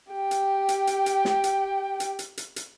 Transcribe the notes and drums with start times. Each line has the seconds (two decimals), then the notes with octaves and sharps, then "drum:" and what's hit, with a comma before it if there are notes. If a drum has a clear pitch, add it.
0.12 G4 G5
0.31 drum: hi-hat
0.69 drum: hi-hat
0.87 drum: hi-hat
1.06 drum: hi-hat
1.25 drum: snare
1.44 drum: hi-hat
2.00 drum: hi-hat
2.19 drum: hi-hat
2.37 drum: hi-hat
2.56 drum: hi-hat